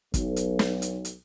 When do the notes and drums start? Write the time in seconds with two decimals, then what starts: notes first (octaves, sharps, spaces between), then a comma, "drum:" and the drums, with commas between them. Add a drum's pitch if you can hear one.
0.14 B1, drum: kick, hi-hat
0.36 drum: hi-hat
0.59 drum: snare
0.82 drum: hi-hat
1.05 drum: hi-hat